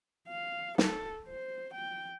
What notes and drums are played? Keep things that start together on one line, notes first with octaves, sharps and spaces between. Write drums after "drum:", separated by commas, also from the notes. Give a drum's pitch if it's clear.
F5
A4, drum: snare
C5
G5